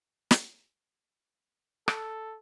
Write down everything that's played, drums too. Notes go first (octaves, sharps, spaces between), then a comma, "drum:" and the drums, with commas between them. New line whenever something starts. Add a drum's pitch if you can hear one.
drum: snare
A4, drum: rim click